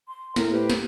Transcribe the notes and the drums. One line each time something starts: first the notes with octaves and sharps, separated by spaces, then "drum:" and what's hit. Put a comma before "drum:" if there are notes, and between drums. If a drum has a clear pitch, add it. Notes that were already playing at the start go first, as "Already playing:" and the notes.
C6
A2 A#4, drum: snare
G4 B4 C5
drum: snare